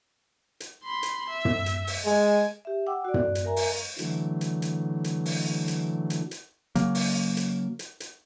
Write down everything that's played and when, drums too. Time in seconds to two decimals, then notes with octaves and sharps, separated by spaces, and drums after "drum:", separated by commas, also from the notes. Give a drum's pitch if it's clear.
0.60 drum: hi-hat
0.84 B5 C6
1.03 drum: hi-hat
1.30 E5
1.45 drum: tom
1.66 drum: hi-hat
1.87 drum: open hi-hat
2.06 G#3 G#5
2.65 G4 E5
2.87 F#5 G5 D6 E6
3.05 F#4 D5
3.14 drum: tom
3.35 drum: hi-hat
3.45 A#4 E5 G#5 A#5
3.56 drum: open hi-hat
3.99 D3 E3 F#3 A3, drum: hi-hat
4.41 drum: hi-hat
4.62 drum: hi-hat
5.04 drum: hi-hat
5.25 drum: open hi-hat
5.68 drum: hi-hat
6.10 drum: hi-hat
6.31 drum: hi-hat
6.75 C#3 F#3 A#3, drum: hi-hat
6.95 drum: open hi-hat
7.37 drum: hi-hat
7.79 drum: hi-hat
8.00 drum: hi-hat